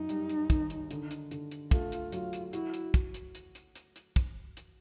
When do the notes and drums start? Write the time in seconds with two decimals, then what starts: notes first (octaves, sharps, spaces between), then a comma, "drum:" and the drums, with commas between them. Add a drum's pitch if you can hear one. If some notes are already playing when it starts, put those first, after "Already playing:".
Already playing: F#2 D#4
0.09 G3, drum: hi-hat
0.29 drum: hi-hat
0.50 D#3, drum: kick, hi-hat
0.70 drum: hi-hat
0.91 D3, drum: hi-hat
1.11 drum: hi-hat
1.31 D3, drum: hi-hat
1.52 drum: hi-hat
1.71 A3 F4, drum: kick, hi-hat
1.92 drum: hi-hat
2.12 F#3 F4, drum: hi-hat
2.33 drum: hi-hat
2.53 E4 F#4, drum: hi-hat
2.74 drum: hi-hat
2.94 drum: kick, hi-hat
3.14 drum: hi-hat
3.35 drum: hi-hat
3.55 drum: hi-hat
3.75 drum: hi-hat
3.96 drum: hi-hat
4.16 drum: kick, hi-hat
4.57 drum: hi-hat